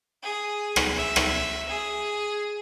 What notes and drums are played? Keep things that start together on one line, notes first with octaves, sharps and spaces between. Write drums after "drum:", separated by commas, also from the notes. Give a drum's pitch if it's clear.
G#4
drum: rim click
E5
drum: rim click
G#4